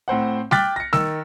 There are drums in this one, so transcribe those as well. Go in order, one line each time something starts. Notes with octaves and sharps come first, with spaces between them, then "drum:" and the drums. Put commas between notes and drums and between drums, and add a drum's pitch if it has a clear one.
A2 C4 C5 F#5
G5 D6 F6 F#6 A6 B6, drum: snare G3
A#6 C#7
D#3 E6, drum: snare G3